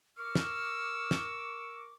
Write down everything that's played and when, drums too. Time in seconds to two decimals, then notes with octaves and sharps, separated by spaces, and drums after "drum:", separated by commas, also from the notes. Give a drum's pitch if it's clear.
0.18 A#4 C#6 D6 E6 F6
0.35 drum: snare
1.11 drum: snare